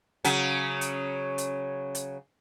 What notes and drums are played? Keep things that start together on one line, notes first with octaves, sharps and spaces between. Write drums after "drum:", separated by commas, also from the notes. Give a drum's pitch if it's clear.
C#3 F#3 C#4, drum: hi-hat
drum: hi-hat
drum: hi-hat
drum: hi-hat